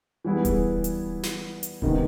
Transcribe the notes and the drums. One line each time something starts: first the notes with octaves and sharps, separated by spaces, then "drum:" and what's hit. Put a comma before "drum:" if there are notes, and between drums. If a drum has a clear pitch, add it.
E3 G3 B3 E4 G#4
drum: kick D1, hi-hat
drum: hi-hat
drum: snare
drum: hi-hat
C3 D#3 G#3 B3, drum: kick D1